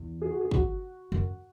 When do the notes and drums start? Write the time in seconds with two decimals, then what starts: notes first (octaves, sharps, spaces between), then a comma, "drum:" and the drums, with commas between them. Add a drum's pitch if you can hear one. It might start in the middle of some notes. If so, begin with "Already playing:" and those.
Already playing: E2
0.22 G#4
0.31 F#4
0.40 G#4
0.51 F#4, drum: kick
1.12 F#2